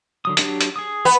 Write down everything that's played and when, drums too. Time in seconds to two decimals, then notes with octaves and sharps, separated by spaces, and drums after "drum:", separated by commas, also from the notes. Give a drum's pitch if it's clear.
0.25 D3 F#3 D#6
0.37 F#3 D4 G4, drum: hi-hat
0.61 drum: hi-hat
0.76 G#4 D#6
1.05 B3